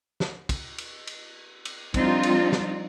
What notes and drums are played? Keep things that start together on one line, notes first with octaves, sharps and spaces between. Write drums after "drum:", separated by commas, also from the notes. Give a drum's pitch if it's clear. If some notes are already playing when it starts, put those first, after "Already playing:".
drum: snare
drum: kick, cymbal
drum: cymbal
drum: cymbal
drum: cymbal
F3 G3 C4 D4 D#4 F4, drum: kick, cymbal
drum: cymbal
drum: snare